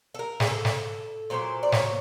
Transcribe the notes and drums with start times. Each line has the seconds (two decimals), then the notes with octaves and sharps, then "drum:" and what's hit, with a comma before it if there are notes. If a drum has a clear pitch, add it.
0.14 A4
0.19 A#4
0.40 G#4, drum: snare
0.47 A4
0.65 drum: snare
1.30 A#2 F#3 A#3 C5
1.63 D5
1.72 C#5, drum: snare